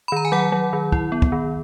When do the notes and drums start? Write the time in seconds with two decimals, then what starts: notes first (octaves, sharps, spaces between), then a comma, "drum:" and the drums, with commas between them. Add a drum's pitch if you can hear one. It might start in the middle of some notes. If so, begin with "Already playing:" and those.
0.08 B5
0.12 D#3 A#5
0.25 G#5
0.32 F#3 F#5
0.52 F#3
0.73 D#3
0.92 E4, drum: kick
1.12 B3
1.22 drum: kick
1.32 D#3